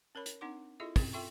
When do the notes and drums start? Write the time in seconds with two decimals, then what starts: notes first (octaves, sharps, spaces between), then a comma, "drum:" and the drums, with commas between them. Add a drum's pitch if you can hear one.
0.15 C#4 A#4 C#5 B5
0.26 drum: hi-hat
0.41 C4 D4 D#4 F#5 C6 D6
0.80 E4 F4 G#4 A4 D#5 E5
0.96 C4 C#4 G#4, drum: kick, open hi-hat
1.13 F4 A4 E5 G5 C6 C#6